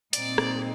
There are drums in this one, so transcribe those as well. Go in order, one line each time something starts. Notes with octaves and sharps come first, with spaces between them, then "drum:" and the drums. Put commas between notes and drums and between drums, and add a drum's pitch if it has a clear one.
A#2 G3 C4 D#4 D5, drum: hi-hat
drum: rim click